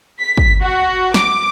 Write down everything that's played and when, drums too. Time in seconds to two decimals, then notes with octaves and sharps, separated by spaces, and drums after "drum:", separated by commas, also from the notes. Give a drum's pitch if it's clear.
0.20 B6
0.37 drum: kick
0.61 F#4
1.14 D6, drum: snare